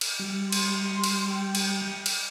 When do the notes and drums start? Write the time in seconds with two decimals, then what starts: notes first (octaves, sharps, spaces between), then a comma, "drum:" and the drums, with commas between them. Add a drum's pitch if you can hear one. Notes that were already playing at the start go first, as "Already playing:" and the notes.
0.01 drum: cymbal
0.20 G3
0.52 C6, drum: cymbal
1.04 drum: cymbal
1.32 G5
1.55 drum: cymbal
2.06 drum: cymbal